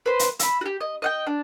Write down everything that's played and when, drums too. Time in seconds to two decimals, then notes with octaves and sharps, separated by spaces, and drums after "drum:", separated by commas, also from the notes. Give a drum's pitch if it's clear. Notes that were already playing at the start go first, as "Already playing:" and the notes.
0.06 B4 C5 C6
0.19 drum: hi-hat
0.39 E5 B5, drum: hi-hat
0.61 F#4 G4
0.81 D#5
1.02 D#5 F#5 G5
1.26 D4